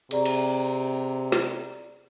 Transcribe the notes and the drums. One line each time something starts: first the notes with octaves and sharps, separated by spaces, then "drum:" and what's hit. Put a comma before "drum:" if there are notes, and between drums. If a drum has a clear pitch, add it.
C3 G#4 D5 A#5, drum: hi-hat
drum: cymbal
drum: snare